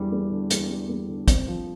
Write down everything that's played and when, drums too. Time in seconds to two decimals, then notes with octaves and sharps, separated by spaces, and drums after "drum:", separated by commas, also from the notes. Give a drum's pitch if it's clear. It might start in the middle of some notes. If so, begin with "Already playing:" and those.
Already playing: E2 G3
0.12 E2
0.31 D3
0.50 E2, drum: hi-hat
0.70 G3
0.89 E2
1.09 D3
1.28 C4, drum: kick, hi-hat
1.48 F3